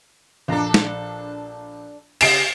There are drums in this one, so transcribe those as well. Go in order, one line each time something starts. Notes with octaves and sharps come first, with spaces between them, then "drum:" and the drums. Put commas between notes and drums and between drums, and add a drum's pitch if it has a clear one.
A#1 D4 A4 A#5
drum: snare
C#3 G4 D#5 C7 D7 E7, drum: cymbal